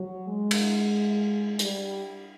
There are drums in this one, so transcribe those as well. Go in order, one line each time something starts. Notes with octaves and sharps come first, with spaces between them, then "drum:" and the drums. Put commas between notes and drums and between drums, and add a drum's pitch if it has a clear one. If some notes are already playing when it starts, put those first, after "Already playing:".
Already playing: F#3
G#3
drum: cymbal
G3, drum: hi-hat